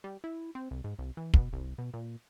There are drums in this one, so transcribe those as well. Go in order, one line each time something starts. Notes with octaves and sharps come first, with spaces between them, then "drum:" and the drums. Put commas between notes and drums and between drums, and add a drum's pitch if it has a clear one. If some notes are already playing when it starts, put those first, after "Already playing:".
G3
E4
C4
C2
G#2
C2
E3
B2, drum: kick
C2
B2
A#2